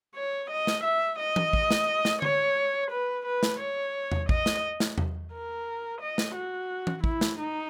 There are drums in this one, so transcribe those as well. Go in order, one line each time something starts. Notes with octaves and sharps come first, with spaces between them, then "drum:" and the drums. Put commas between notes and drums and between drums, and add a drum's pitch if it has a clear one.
C#5
D#5
drum: snare
E5
D#5
drum: tom E3
drum: kick
drum: snare
drum: snare
C#5, drum: tom D3
B4
B4
drum: snare
C#5
drum: tom E2
D#5, drum: kick
drum: snare
drum: snare
drum: tom E2
A#4
D#5
drum: snare
F#4
drum: tom E3
E4, drum: kick
drum: snare
D#4